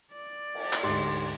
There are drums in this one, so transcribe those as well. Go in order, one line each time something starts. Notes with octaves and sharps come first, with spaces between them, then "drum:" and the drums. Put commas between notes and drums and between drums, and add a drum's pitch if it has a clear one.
D5
drum: cymbal
drum: clap
D2 G#2 G4 C6